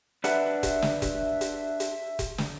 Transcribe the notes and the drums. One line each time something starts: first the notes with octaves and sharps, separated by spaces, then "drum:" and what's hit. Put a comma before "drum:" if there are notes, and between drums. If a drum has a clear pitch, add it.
D4 B4 E5 F#5, drum: hi-hat
drum: kick E1, hi-hat
drum: snare
drum: kick E1, hi-hat
drum: hi-hat
drum: hi-hat
drum: kick E1, hi-hat
drum: snare